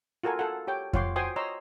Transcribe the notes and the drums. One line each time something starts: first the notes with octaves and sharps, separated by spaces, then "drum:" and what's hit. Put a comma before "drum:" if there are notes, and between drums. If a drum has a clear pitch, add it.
F4 F#4 A4 A#4 G#5
A4 F5 F#5
G4 C#5 G5
F4 C#5 F#5 G5 C6 D6, drum: kick F2
F#4 C5 G5 G#5 C6 D#6
C#5 D#5 A#5 C6 E6